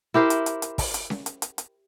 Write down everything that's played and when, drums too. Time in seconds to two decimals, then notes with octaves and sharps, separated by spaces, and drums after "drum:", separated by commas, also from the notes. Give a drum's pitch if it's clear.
0.14 E4 G4 A#4 C5
0.30 drum: hi-hat
0.46 drum: hi-hat
0.62 drum: hi-hat
0.78 drum: kick, open hi-hat
0.94 drum: hi-hat
1.10 drum: snare C#4
1.26 drum: hi-hat
1.42 drum: hi-hat
1.58 drum: hi-hat